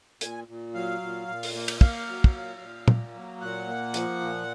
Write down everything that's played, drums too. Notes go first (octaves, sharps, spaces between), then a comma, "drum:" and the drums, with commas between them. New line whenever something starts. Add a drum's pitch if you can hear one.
A#2 G#5, drum: hi-hat
A#2
F#3 F5
A#2
A#2
drum: open hi-hat
A#3
drum: cymbal
A#3 F5, drum: kick
F#3
drum: kick
A#2
A#2
A#3, drum: tom
F#3
A#2 F#5
A#3
F3, drum: hi-hat
A#2